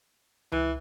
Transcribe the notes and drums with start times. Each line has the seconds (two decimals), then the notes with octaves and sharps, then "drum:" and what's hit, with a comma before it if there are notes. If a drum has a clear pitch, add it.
0.52 E3, drum: tom C#2